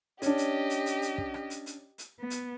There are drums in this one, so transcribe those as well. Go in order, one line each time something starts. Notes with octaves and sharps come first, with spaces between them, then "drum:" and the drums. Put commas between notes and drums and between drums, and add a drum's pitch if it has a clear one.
C#4 D4 G4 D#5, drum: hi-hat
drum: hi-hat
drum: hi-hat
drum: hi-hat
drum: hi-hat
drum: kick
drum: rim click
drum: hi-hat
drum: hi-hat
drum: hi-hat
B3
drum: hi-hat